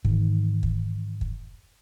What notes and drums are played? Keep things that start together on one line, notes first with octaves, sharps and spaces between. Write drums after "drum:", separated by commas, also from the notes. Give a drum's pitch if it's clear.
G#2 D#3 E3, drum: kick
drum: kick
drum: kick